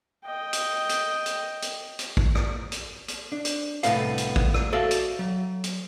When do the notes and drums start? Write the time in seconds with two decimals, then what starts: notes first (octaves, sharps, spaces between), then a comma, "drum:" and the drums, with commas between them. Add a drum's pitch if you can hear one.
0.26 D#5 G5
0.53 drum: hi-hat
0.89 drum: hi-hat
1.26 drum: hi-hat
1.62 drum: hi-hat
1.99 drum: hi-hat
2.17 drum: kick A1
2.35 drum: rim click
2.72 drum: hi-hat
3.08 drum: hi-hat
3.32 D4
3.45 drum: hi-hat
3.83 C2 A2 A3 B3 F5, drum: hi-hat
4.18 drum: hi-hat
4.36 drum: kick A1
4.54 drum: rim click
4.72 F#4 A4 D5 E5 F5
4.91 drum: hi-hat
5.19 F#3
5.64 drum: hi-hat